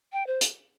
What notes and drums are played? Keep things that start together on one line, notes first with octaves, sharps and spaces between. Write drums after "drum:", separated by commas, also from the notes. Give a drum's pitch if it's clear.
G5
C5
drum: hi-hat